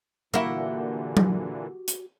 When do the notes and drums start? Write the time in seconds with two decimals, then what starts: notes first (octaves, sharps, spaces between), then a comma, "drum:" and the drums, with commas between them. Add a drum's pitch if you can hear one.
0.34 A#2 D3 E3 A#3 E4 F#4 G4 F#5
1.17 drum: tom F#3
1.88 drum: hi-hat